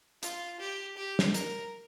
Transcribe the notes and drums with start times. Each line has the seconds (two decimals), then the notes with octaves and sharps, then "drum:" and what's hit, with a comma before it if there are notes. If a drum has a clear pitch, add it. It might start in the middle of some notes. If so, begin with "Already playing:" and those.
0.23 F4, drum: hi-hat
0.60 G4
0.97 G4
1.19 drum: snare
1.34 A#4, drum: hi-hat